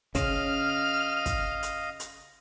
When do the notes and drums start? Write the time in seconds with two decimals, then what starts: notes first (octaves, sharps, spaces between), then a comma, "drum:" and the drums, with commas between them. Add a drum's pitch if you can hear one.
0.15 C#3 C#4 D#5 F5 F6, drum: kick, hi-hat
1.26 drum: kick, hi-hat
1.63 drum: hi-hat
2.00 drum: hi-hat